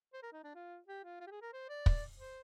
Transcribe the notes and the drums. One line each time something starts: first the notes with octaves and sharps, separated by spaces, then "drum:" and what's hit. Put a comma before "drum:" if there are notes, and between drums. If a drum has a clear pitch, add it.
C5
A#4
D#4
D4
F4
G4
F4
F4
G4
G#4
A#4
C5
D5
drum: kick
C5